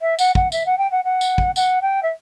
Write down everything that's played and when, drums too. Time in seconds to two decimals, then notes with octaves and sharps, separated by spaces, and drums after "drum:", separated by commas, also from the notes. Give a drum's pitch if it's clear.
0.01 E5
0.19 F#5, drum: tambourine
0.35 F#5, drum: kick
0.52 E5, drum: tambourine
0.66 F#5
0.78 G5
0.91 F#5
1.04 F#5
1.21 drum: tambourine
1.38 drum: kick
1.56 F#5, drum: tambourine
1.82 G5
2.02 E5